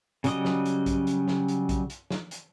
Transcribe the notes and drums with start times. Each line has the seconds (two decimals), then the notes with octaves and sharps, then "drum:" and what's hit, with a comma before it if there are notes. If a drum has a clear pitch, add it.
0.24 C#3 F#3 G3 D#5 D#6, drum: hi-hat
0.45 drum: snare
0.65 drum: hi-hat
0.86 drum: kick, hi-hat
1.07 drum: hi-hat
1.28 drum: snare
1.48 drum: hi-hat
1.69 drum: kick, hi-hat
1.90 drum: hi-hat
2.10 drum: snare
2.31 drum: hi-hat